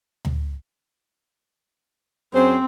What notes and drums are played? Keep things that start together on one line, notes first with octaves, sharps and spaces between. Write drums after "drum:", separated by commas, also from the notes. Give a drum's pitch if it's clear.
drum: tom D2
F#2 C4 G#4 C5